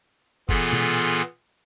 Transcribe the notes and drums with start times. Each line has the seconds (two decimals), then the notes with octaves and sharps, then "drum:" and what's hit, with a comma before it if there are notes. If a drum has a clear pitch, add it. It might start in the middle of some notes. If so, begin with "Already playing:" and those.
0.49 A#2 E3 B3 F4 G#4 A4, drum: kick
0.73 drum: tom B2